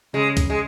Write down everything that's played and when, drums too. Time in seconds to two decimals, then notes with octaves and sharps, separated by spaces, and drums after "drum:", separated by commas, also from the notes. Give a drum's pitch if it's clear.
0.14 C#3 G#3
0.37 drum: kick C2, hi-hat
0.50 G#3